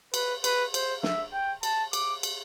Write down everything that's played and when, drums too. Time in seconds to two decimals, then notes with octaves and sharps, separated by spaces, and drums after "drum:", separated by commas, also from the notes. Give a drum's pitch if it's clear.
0.14 B4, drum: cymbal
0.44 B4, drum: cymbal
0.74 C5, drum: cymbal
1.03 E5, drum: snare
1.33 G5
1.63 A5, drum: cymbal
1.93 D6, drum: cymbal
2.23 drum: cymbal